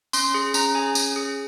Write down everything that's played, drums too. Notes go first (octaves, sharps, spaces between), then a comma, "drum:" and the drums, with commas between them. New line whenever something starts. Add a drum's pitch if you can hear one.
C#4 C6, drum: tambourine
G#4
C#4 A#5, drum: tambourine
G#4 G#5
C#4, drum: tambourine
G#4